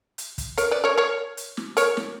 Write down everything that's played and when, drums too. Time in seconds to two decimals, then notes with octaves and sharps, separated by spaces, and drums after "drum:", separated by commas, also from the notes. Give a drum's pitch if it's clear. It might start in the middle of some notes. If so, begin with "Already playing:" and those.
0.18 drum: hi-hat
0.38 drum: kick, hi-hat
0.58 A#4 C#5, drum: hi-hat
0.71 B4 D5
0.84 A#4 C#5
0.98 A#4 C#5
1.37 drum: hi-hat
1.57 drum: snare
1.77 A#4 C#5, drum: hi-hat
1.97 drum: snare